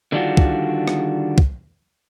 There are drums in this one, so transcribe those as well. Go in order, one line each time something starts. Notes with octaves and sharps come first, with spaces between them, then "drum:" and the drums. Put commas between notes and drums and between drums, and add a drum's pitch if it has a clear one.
D3 D#3 G3 D4 F4 F#4
drum: kick
drum: rim click
drum: kick